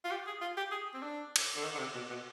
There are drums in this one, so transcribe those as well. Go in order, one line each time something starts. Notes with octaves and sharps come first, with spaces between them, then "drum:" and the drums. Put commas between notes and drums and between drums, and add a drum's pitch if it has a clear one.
F4
G4
G#4
F4
G4
G#4
C4
D4
drum: cymbal
D3
D#3
D3
C3
B2
B2